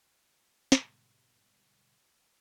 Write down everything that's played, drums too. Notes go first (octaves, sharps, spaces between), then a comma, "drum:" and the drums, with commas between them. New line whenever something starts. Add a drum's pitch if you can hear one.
G#2 B2 D3 G3, drum: snare